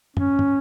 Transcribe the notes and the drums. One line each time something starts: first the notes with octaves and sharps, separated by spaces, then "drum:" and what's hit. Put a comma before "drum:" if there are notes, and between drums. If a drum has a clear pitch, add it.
C#4, drum: tom
drum: tom